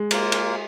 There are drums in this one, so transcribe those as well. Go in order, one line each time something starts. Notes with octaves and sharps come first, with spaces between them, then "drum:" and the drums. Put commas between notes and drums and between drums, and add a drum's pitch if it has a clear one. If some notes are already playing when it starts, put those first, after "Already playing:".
Already playing: G#3
A#3 F4 A#4, drum: cymbal
drum: cymbal